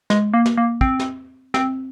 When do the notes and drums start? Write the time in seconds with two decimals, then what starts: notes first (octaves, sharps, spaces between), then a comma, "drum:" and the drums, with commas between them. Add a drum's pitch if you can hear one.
0.10 G#3, drum: snare
0.34 A#3
0.46 drum: snare
0.57 A#3
0.81 C4, drum: kick
1.00 drum: snare
1.54 C4, drum: snare